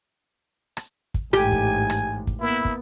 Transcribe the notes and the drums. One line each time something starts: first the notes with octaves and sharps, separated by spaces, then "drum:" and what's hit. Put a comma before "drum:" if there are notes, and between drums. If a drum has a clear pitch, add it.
drum: rim click
drum: kick, hi-hat
A1 G#2 G4 G#5, drum: rim click
drum: kick, hi-hat
drum: rim click
drum: kick, hi-hat
A#3 B3 E4
drum: kick, hi-hat